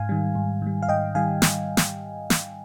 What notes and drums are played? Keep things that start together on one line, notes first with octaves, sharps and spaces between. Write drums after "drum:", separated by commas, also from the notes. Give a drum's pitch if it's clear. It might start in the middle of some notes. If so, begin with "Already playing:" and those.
Already playing: G#2 F5 G#5
D#3 G3
G#2
D#3 G3
F5
G#2 D#5 G5
D#3 G3 F5 G#5
drum: snare
drum: snare
drum: snare